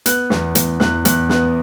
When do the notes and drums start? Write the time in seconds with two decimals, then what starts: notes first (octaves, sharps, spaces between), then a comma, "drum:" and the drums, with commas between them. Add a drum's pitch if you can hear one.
0.06 B3 F#6, drum: hi-hat
0.30 E2, drum: snare
0.55 E2, drum: hi-hat
0.80 E2 F#6, drum: snare
1.05 E2 F#6, drum: hi-hat
1.29 B3 F#6, drum: snare